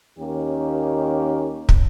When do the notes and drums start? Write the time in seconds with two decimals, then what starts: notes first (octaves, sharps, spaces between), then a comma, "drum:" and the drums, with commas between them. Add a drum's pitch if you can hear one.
0.18 D#2 D#3 A#3 C#4 G4
1.69 drum: kick